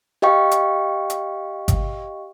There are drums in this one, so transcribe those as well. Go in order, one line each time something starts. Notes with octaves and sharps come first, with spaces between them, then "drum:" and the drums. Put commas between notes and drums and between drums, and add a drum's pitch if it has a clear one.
G4 D#5 F5 G5 C#6
drum: hi-hat
drum: hi-hat
drum: kick G#1, hi-hat